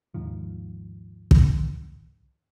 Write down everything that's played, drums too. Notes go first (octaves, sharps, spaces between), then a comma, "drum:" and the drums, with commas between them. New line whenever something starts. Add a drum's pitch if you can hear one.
D#2 G#2 D#3 F3
drum: kick